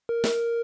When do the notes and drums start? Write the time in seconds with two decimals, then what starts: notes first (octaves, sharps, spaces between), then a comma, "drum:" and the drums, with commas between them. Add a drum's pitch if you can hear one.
0.09 A#4
0.24 drum: snare